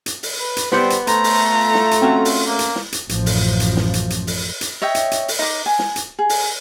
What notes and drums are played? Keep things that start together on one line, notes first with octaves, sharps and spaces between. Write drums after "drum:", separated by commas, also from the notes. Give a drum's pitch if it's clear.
drum: hi-hat
drum: open hi-hat
B4
drum: hi-hat
G3 B3 C4 G4 C5 F#5, drum: snare
drum: hi-hat
A3 C5 A#5, drum: hi-hat
drum: open hi-hat
F4
drum: snare
drum: hi-hat
C4 C#4 F#4
drum: open hi-hat
A#3
drum: hi-hat
drum: snare
drum: hi-hat
A1 F#2 F3, drum: hi-hat
drum: open hi-hat
drum: hi-hat
drum: snare
drum: hi-hat
drum: hi-hat
drum: open hi-hat
drum: hi-hat
C#5 D#5 E5 G5
drum: hi-hat
drum: hi-hat
drum: open hi-hat
D#4 D6
G#5
drum: snare
drum: hi-hat
G#4
drum: open hi-hat